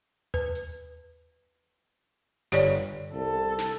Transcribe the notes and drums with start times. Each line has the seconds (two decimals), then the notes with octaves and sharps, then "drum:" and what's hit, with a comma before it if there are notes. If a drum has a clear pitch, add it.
0.34 B4, drum: tom D#2
0.55 drum: hi-hat
2.52 G1 G4 C#5 D5, drum: snare
3.13 C2 A4
3.58 drum: snare